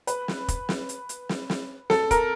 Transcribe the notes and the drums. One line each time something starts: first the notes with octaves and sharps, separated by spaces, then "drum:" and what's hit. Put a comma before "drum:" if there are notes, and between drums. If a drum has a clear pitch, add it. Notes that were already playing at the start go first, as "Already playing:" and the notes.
B4, drum: hi-hat
drum: snare
drum: kick, hi-hat
drum: snare
drum: hi-hat
drum: hi-hat
drum: snare
drum: snare
A4, drum: snare
A#4, drum: kick, hi-hat